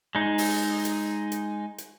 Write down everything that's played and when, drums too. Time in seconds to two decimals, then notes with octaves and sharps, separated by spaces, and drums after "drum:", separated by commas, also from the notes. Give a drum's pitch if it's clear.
0.15 G#3 D#4
0.38 drum: open hi-hat
0.85 drum: hi-hat
1.32 drum: hi-hat
1.78 drum: hi-hat